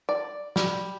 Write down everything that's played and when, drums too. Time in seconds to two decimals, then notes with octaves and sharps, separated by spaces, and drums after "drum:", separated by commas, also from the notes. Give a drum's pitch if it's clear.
0.09 D5
0.56 G3, drum: snare